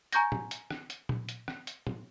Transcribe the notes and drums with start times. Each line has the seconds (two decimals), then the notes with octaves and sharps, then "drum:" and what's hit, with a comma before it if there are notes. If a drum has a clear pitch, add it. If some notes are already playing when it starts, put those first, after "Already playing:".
0.12 G#5 A#5 C#6 G6 G#6 A#6, drum: hi-hat
0.32 drum: tom
0.51 drum: hi-hat
0.71 drum: rim click
0.90 drum: hi-hat
1.09 drum: tom A#2
1.29 drum: hi-hat
1.48 drum: rim click
1.67 drum: hi-hat
1.87 drum: tom